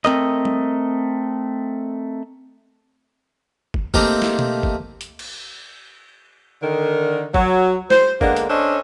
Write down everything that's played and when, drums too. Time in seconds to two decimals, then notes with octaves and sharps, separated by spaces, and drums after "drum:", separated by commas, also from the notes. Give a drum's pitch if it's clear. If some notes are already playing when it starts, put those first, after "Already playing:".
0.05 A3 C4 A#4 D#5, drum: clap
0.45 drum: tom G3
3.74 drum: kick
3.94 A3 A#3 C4 D#4 G4, drum: kick
4.22 drum: snare
4.39 drum: tom B2
4.63 drum: kick
5.01 drum: hi-hat
5.19 drum: cymbal
6.62 D3 D#3 A#4
7.34 F#3, drum: kick
7.90 C5, drum: snare
8.21 D3 G#3 A#3 B3 D4, drum: kick
8.36 drum: hi-hat
8.49 C#4 D4 A4 C5 C#5 D#5